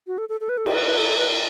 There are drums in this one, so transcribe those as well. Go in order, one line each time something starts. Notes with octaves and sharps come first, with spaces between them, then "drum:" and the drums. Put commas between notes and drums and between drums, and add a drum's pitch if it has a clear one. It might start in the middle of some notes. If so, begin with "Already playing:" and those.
F#4
A4
A4
A4
B4
A4
G4, drum: cymbal
B4
B4
A4
A4
B4